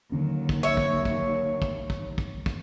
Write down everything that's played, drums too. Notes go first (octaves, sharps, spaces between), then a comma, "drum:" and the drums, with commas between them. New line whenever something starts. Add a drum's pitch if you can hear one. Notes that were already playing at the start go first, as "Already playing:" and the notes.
D#2 D3 D#3 F#3 C#4
drum: kick
C#5 E5
drum: kick
drum: kick
drum: kick
drum: kick
drum: kick
drum: kick